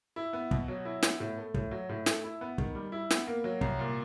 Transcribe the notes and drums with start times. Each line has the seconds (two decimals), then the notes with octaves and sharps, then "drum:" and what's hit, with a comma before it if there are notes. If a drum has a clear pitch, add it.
0.16 E4
0.33 B3
0.51 B2, drum: kick
0.68 F#3
0.85 E4
1.03 B3, drum: snare
1.20 A2
1.38 A3
1.54 A2, drum: kick
1.71 F#3
1.89 A2
2.06 A3, drum: snare
2.24 E4
2.41 B3
2.58 D#3, drum: kick
2.75 G3
2.92 E4
3.11 B3, drum: snare
3.27 A#3
3.44 F#3
3.61 C2, drum: kick
3.79 A#2